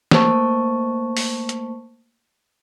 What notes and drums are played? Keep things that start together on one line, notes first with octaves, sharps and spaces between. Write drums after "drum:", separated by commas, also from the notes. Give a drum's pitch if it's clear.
A3 A#3 C5 A5 C#6, drum: snare
drum: open hi-hat
drum: hi-hat